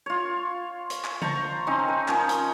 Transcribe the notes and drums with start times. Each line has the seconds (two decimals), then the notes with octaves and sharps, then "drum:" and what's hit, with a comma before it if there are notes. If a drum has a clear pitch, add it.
0.06 F4 C#5
0.90 drum: hi-hat
1.04 drum: clap
1.21 C5 A5 A#5 C#6, drum: tom C#3
1.67 C4 C#4 D#4
1.88 B4
2.08 F3 C#4 A#4, drum: clap
2.29 drum: hi-hat